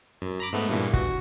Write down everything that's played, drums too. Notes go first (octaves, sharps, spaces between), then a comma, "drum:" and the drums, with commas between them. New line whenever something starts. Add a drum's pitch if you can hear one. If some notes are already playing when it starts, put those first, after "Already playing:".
F#2
A#5 B5 D6
G#2 A3 B3
G2 A#2 E3
F#4, drum: kick